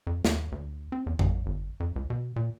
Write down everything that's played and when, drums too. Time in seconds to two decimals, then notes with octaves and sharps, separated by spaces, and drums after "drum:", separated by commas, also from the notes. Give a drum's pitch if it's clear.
0.07 F2
0.25 D#2, drum: snare
0.52 D2
0.92 C4
1.06 E2
1.19 A1, drum: tom F2
1.46 G1
1.80 F2
1.96 C#2
2.10 B2
2.36 A#2